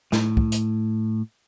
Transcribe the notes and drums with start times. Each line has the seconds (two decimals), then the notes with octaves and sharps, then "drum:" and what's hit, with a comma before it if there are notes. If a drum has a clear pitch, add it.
0.12 A2, drum: snare
0.37 drum: kick
0.52 drum: hi-hat